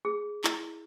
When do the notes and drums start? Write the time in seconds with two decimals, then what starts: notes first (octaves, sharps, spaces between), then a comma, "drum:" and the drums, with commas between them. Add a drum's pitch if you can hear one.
0.05 G#4
0.44 E4, drum: clap